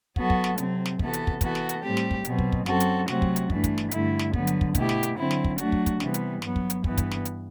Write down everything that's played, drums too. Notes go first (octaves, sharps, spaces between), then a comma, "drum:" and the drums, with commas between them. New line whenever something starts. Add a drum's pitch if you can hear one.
F#3 B3 F#4 A4, drum: kick
drum: kick
drum: snare
C3 F#3 C4, drum: hi-hat
drum: snare
C3 E3 B3 F#4 A4, drum: kick
drum: hi-hat
drum: kick
E3 B3 F#4 A4, drum: kick, hi-hat
drum: snare
drum: hi-hat
A2 G3 C4 G4
drum: snare
drum: kick
B2 F#3 C4, drum: hi-hat
drum: kick
drum: kick
F#2 F#3 C4 F#4 A4, drum: snare
drum: hi-hat
C3 F#3 A3 C4 F#4, drum: snare
drum: kick
drum: hi-hat
G2 E3 A3 D4, drum: kick
drum: kick, hi-hat
drum: snare
G2 D3 A3 E4, drum: hi-hat
drum: snare
D3 F#3 B3, drum: kick
drum: hi-hat
drum: kick
B2 A3 E4 G4, drum: kick, hi-hat
drum: snare
drum: hi-hat
D3 F#3 C4 E4
drum: snare
drum: kick
F#3 A3 D4 F#4, drum: hi-hat
drum: kick
drum: kick, hi-hat
C3 E3 G3 B3, drum: snare
drum: hi-hat
G2 F#3 B3, drum: snare
drum: kick
drum: hi-hat
G2 E3 B3, drum: kick
drum: kick, hi-hat
drum: snare
drum: hi-hat